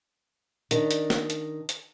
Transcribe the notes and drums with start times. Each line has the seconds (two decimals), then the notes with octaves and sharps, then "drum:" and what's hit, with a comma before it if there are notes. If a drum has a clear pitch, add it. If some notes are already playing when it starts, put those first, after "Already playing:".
0.71 D#3 D4, drum: hi-hat
0.91 drum: hi-hat
1.10 drum: snare
1.30 drum: hi-hat
1.69 drum: hi-hat